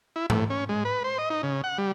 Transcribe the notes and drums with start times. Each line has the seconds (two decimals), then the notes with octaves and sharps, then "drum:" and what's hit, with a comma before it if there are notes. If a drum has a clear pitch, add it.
0.16 E4
0.30 A2, drum: tom G#2
0.50 C#4
0.69 G#3
0.85 B4
1.04 C5
1.18 D#5
1.30 D#4
1.43 C#3
1.64 F#5
1.78 G3